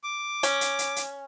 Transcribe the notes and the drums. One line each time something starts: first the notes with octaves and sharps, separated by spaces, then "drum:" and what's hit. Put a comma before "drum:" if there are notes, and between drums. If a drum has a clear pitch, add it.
D6
C#4, drum: hi-hat
drum: hi-hat
drum: hi-hat
drum: hi-hat